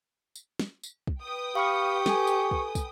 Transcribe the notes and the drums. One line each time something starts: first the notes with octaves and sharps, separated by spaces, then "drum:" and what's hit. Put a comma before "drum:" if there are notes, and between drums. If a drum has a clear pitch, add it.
drum: tambourine
drum: snare
drum: tambourine
drum: kick
B4 G5 D#6
G4 F5 B5 C#6 F6
A4 G#5, drum: snare
drum: tambourine
drum: kick
drum: kick, tambourine